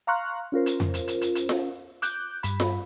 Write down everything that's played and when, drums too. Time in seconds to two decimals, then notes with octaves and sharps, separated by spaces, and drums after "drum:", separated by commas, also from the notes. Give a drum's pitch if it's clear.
0.07 F5 A#5 C6 C#6 F6 F#6
0.52 C#4 F4 A#4 C5
0.66 drum: hi-hat
0.80 drum: tom F2
0.94 drum: hi-hat
1.08 drum: hi-hat
1.21 drum: hi-hat
1.35 drum: hi-hat
1.49 drum: snare F4
2.02 D6 F#6 G6, drum: hi-hat
2.43 G2 B5, drum: hi-hat
2.60 drum: snare F4